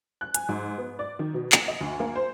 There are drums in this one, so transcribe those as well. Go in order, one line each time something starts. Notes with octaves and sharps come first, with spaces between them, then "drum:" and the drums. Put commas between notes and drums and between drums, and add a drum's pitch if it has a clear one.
F#6
G#5, drum: hi-hat
G#2
B3
D5
D#3
B2
E7, drum: clap
D#5
D2
A#3
C5